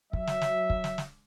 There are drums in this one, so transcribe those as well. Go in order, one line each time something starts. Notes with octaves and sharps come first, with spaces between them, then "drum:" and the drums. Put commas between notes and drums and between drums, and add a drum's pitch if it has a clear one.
F#3 E5, drum: kick
drum: snare
drum: snare
drum: kick
drum: snare
drum: snare